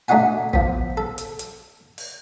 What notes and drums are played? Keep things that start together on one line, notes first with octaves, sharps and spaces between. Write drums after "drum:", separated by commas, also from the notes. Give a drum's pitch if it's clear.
A3 D4 D#4 F#4 F#5 G#5
F3 B3, drum: kick
A4
drum: hi-hat
drum: hi-hat
drum: open hi-hat